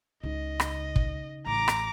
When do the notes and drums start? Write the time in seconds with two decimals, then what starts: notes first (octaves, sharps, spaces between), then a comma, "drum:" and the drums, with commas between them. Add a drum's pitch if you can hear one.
0.24 C#2 C#3 D#4 D#5
0.60 drum: rim click
0.96 drum: kick
1.46 A1 A#5 D6
1.68 drum: rim click